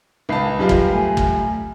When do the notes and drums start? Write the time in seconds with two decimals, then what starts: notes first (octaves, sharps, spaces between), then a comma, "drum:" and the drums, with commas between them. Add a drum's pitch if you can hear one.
0.29 C#2 B4 A5 B5 C7
0.59 F#2 G3 F4
0.69 drum: kick
0.93 A3 G#5
1.17 drum: kick